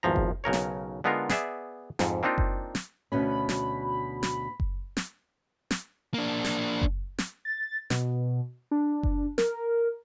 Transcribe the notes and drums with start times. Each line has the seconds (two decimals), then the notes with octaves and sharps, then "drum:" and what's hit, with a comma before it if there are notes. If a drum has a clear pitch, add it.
0.03 G#1 E2 F3 A#5
0.16 drum: kick F#1
0.44 B1 C#3 A#4 C#5
0.53 drum: snare
1.04 D3 G#3 B3 D#4 F4 A#4
1.29 B3 G#4 D5 E5, drum: snare
1.99 F2 G#2, drum: snare
2.23 A#3 C4 D4 D#4 F4
2.38 drum: kick F#1
2.75 drum: snare
3.12 D2 B2 C#4 B5
3.49 drum: snare
4.23 drum: snare
4.60 drum: kick F#1
4.97 drum: snare
5.71 drum: snare
6.14 A#3 D4
6.45 drum: snare
6.81 drum: kick F#1
7.18 drum: snare
7.45 A6
7.90 B2, drum: snare
8.71 D4
9.03 drum: kick F#1
9.38 A#4, drum: snare